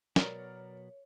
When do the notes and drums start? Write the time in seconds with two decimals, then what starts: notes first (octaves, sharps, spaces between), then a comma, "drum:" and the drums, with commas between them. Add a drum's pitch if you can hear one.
0.16 B2 F#3 B3 A#4 C#5 D5, drum: snare